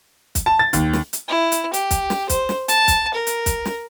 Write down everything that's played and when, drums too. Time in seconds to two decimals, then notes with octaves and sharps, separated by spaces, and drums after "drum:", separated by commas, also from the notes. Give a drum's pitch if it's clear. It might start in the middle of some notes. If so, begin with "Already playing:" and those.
0.35 drum: kick, hi-hat
0.46 A5
0.59 A6
0.73 D#2, drum: kick, hi-hat
0.93 drum: snare
1.13 drum: hi-hat
1.28 E4
1.52 drum: hi-hat
1.74 G4, drum: hi-hat
1.91 drum: kick, hi-hat
2.10 drum: snare
2.29 C5, drum: kick, hi-hat
2.49 drum: snare
2.68 A5, drum: hi-hat
2.88 drum: kick, hi-hat
3.14 A#4
3.27 drum: hi-hat
3.46 drum: kick, hi-hat
3.65 drum: snare